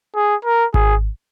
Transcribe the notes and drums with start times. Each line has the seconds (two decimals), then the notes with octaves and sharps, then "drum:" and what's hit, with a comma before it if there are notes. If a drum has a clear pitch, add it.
0.15 G#4
0.45 A#4
0.74 G#4, drum: kick G#1